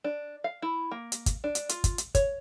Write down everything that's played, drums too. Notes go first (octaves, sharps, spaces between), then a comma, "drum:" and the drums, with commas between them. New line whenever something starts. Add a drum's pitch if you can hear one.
D4
F5
E4
A#3
drum: hi-hat
drum: kick, hi-hat
D4
drum: hi-hat
F4, drum: hi-hat
drum: kick, hi-hat
drum: hi-hat
C#5, drum: kick, hi-hat